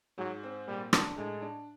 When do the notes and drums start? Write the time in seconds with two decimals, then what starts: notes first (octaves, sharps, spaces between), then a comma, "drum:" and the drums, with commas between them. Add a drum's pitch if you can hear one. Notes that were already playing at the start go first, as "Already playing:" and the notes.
0.18 G#2 F#3
0.43 C4
0.68 A#2 G3
0.93 D4, drum: rim click
1.17 A2 G#3
1.42 D4